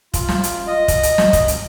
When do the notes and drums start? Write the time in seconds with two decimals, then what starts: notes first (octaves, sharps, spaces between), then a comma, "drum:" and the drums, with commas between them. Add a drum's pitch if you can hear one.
0.14 F4, drum: kick, hi-hat
0.29 drum: snare
0.43 drum: hi-hat
0.67 D#5
0.88 drum: kick, hi-hat
1.03 drum: hi-hat
1.18 drum: snare
1.33 drum: kick, hi-hat
1.48 drum: hi-hat